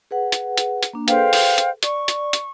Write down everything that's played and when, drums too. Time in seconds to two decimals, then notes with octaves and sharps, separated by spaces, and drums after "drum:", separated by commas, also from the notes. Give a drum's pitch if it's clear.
0.11 G#4 B4 F#5
0.32 drum: hi-hat
0.57 drum: hi-hat
0.83 drum: hi-hat
0.93 A#3 D4
1.08 G#4 A4 B4 C5 F5 G5, drum: hi-hat
1.33 drum: open hi-hat
1.58 drum: hi-hat
1.83 D5 C#6, drum: hi-hat
2.08 drum: hi-hat
2.33 drum: hi-hat